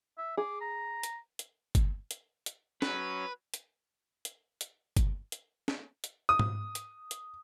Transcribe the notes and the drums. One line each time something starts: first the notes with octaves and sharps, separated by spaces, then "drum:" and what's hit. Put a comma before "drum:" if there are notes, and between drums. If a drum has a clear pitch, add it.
E5
G#4 D6
A#5
drum: hi-hat
drum: hi-hat
drum: kick G1, hi-hat
drum: hi-hat
drum: hi-hat
F#3 C#4 B4, drum: snare
drum: hi-hat
drum: hi-hat
drum: hi-hat
drum: kick G1, hi-hat
drum: hi-hat
drum: snare
drum: hi-hat
D#6
drum: tom G#2
drum: hi-hat
drum: hi-hat